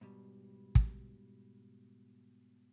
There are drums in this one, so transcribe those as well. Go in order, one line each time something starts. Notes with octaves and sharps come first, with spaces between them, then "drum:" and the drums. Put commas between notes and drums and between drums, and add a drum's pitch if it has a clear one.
G#2 B2 G3
drum: kick